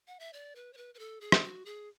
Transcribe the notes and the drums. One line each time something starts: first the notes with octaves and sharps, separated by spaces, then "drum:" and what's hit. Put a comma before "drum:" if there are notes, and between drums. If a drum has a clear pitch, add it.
F#5
E5
D5
B4
C#5
B4
B4
A4
G#4
drum: rim click
F#4
G#4